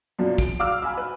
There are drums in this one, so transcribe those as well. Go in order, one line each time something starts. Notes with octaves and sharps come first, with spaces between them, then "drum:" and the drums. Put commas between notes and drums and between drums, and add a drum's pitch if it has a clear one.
F#2 B2 F3 D4 F4
D7, drum: kick, hi-hat
F5 D6 E6 F6
G#5 B5 E6
B4